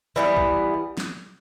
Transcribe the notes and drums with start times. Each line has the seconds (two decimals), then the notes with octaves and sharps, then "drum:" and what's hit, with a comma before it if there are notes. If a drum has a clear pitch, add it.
0.16 E3 G3 B3
0.37 drum: kick B1
0.97 drum: snare